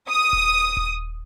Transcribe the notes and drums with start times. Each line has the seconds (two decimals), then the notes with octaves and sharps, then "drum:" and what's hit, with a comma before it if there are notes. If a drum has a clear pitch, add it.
0.11 D#6
0.33 drum: kick D#1
0.77 drum: kick D#1